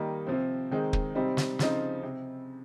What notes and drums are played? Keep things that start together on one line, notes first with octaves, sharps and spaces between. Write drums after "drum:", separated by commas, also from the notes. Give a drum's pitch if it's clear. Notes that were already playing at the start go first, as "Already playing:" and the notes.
Already playing: D#3 G3 A#3 D#4
C3 F3 C4
D#3 G#3 C4 D#4
drum: kick
C3 G3 C4 D#4
drum: snare
C#3 F3 C4 D#4, drum: snare
C3